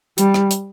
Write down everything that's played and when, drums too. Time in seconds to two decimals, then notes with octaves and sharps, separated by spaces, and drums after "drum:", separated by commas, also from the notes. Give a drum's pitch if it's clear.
0.18 G3, drum: hi-hat
0.34 drum: rim click
0.51 drum: hi-hat